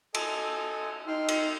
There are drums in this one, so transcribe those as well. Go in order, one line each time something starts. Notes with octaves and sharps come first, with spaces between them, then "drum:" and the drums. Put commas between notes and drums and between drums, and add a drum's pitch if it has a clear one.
A4 D#5 G#5, drum: cymbal
D#4 G5 C6 F6
drum: cymbal